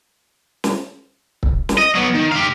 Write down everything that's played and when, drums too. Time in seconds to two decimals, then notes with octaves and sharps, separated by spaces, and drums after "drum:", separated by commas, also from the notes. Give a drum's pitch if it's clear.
0.64 drum: snare
1.43 drum: kick
1.69 drum: snare
1.78 D#5
1.95 F#3 B3
2.14 D#3
2.32 G4 F5